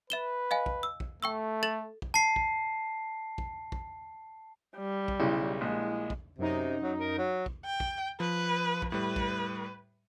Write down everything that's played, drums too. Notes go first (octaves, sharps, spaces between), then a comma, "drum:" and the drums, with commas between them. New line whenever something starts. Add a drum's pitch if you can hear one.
B4 E5 E7 G7
D#5 F5 G#5
drum: kick
E6
drum: kick
A3 G5 C#6 E6
A4 A6 F#7
drum: kick
A5 C7
drum: kick
drum: kick
drum: kick
G3
drum: kick
B1 C#3 E4
A#1 G#3
drum: kick
F#2 C3 D#4
F#3
A#4
F#3
drum: kick
G5
drum: kick
F3 B4
drum: kick
A2 G3 B4
drum: kick